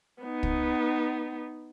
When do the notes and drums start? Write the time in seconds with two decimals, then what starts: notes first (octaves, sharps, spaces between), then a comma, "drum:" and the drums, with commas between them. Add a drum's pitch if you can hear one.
0.23 B3 D#4
0.43 drum: kick